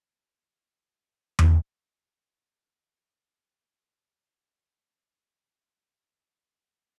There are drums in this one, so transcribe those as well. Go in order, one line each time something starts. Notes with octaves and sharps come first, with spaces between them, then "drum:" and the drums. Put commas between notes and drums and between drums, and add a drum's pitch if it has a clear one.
E2 F3
drum: tom E2
C#7
F5
C4 C#5 D#5 C6